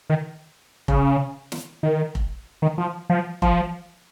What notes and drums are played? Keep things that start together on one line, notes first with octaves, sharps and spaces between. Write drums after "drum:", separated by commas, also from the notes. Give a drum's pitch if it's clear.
D#3
C#3, drum: kick F1
drum: snare
D#3
drum: kick F1
D#3
F3
F3
F3, drum: kick F1